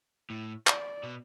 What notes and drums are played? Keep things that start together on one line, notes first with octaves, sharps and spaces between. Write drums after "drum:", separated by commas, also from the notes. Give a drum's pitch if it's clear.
A2
D5, drum: clap
B2